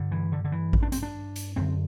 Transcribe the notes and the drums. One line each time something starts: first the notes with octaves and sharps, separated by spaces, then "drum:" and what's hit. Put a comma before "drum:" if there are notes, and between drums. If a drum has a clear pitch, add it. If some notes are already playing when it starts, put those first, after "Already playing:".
Already playing: G2 D3
E3
D3
D3
E3
drum: kick A1
D4
C4, drum: hi-hat
D4
drum: hi-hat
F#2 D3 C4